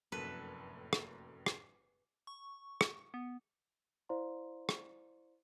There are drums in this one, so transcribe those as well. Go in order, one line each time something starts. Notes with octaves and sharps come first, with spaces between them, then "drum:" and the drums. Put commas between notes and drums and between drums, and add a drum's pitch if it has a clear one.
F1 F#2 A2 A#3 A4 B4
drum: rim click
drum: rim click
C#6
drum: rim click
B3
E4 C5 D5 F5 A#5 C6
drum: rim click